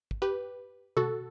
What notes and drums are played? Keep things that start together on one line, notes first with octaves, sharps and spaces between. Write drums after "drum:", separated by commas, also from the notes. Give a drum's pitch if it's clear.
drum: kick
G4 B4
F#4 A4, drum: tom B2